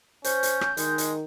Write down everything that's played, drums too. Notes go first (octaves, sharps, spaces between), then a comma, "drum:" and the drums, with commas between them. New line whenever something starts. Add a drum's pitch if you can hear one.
C#4 C5 G6, drum: hi-hat
drum: hi-hat
drum: rim click
D#3 G#3, drum: hi-hat
drum: hi-hat